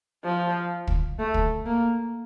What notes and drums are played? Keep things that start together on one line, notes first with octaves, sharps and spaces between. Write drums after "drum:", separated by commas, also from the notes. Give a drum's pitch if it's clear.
F3
drum: kick
A3
drum: kick
A#3